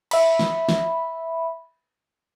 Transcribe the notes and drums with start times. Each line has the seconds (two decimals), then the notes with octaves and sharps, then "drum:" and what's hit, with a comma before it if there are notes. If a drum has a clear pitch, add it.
0.11 E5 B5, drum: cymbal
0.39 drum: snare
0.69 drum: snare